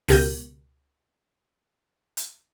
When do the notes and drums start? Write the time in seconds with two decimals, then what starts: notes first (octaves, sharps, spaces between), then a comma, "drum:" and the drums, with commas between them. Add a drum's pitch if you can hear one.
0.08 C#2 B2 G4 A#4 G6 D#7, drum: open hi-hat
2.17 drum: hi-hat